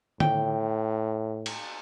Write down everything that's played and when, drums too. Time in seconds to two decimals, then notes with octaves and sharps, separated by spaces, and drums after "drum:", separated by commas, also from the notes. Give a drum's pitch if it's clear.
0.20 A2 G5, drum: tom D3
1.46 drum: cymbal